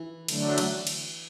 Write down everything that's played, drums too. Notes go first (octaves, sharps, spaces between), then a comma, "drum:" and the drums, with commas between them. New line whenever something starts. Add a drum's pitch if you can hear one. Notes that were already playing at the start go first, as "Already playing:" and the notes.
Already playing: E3
D3 F#3 A3 D4, drum: cymbal
drum: cymbal
drum: cymbal